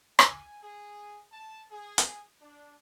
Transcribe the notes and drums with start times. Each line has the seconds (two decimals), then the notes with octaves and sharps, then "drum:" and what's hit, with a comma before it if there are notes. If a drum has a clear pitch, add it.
0.19 G#5, drum: rim click
0.62 G#4
1.31 A5
1.71 G#4
1.98 drum: hi-hat
2.40 D4